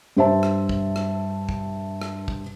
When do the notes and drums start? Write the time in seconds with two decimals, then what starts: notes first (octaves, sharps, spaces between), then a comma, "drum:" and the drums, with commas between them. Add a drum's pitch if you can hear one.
0.16 G2 G4 C5 E5 A5
0.43 drum: rim click
0.69 drum: kick
0.96 drum: rim click
1.49 drum: kick
2.01 drum: rim click
2.28 drum: kick